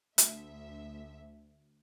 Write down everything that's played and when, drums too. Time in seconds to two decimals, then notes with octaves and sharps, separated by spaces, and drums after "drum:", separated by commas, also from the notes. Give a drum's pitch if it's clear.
0.18 D2 E5, drum: hi-hat